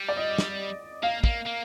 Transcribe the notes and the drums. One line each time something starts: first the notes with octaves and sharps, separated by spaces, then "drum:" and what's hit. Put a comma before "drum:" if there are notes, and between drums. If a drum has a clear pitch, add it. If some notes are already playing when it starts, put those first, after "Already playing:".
Already playing: G3
D5
D#5
drum: snare
A#3 F5
A#3, drum: kick
A#3